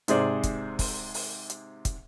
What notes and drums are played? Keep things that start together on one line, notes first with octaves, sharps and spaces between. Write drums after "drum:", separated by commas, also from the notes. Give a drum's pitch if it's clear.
G#2 C3 G#4 C5 D5, drum: hi-hat
drum: kick, hi-hat
drum: kick, open hi-hat
drum: open hi-hat
drum: hi-hat
drum: kick, hi-hat